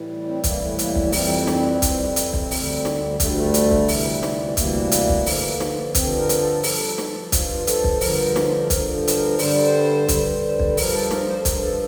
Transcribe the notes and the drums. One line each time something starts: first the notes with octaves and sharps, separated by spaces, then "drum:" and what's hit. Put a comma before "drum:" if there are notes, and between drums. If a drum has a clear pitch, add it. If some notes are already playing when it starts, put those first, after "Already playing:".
Already playing: A2 E3 G3
C4
A2 E3 G3 A#3, drum: kick, hi-hat
A3
A#3, drum: hi-hat
A#3, drum: kick
A#3
F2 E3 G3 C4, drum: open hi-hat
drum: snare
F2 E3 G3, drum: kick, hi-hat
drum: hi-hat
drum: kick
D2 D3 G3, drum: open hi-hat
drum: snare
D2 D3 G3 A3, drum: kick, hi-hat
A3
drum: hi-hat
drum: kick
D2 C3 E3 G3, drum: open hi-hat
drum: snare
D2 C3 E3 G3 A#3, drum: kick, hi-hat
drum: hi-hat
drum: kick
G2 D3 F3, drum: open hi-hat
drum: snare
G2 D3 F3 C4, drum: kick, hi-hat
A#4
drum: hi-hat
A4
G2 F3, drum: open hi-hat
drum: snare
G2 F3 F4, drum: kick, hi-hat
A4, drum: hi-hat
drum: kick
G2 D3 F3 A#4, drum: open hi-hat
drum: snare
G2 D3 F3 A#4, drum: kick, hi-hat
C5, drum: hi-hat
A#4
G2 D3 G3 C5, drum: open hi-hat
C5
G2 D3 G3, drum: kick, hi-hat
drum: kick
G2 F3 A#4, drum: open hi-hat
A4
A#4, drum: snare
C5
A4
G2 F3 A#4, drum: kick, hi-hat
A4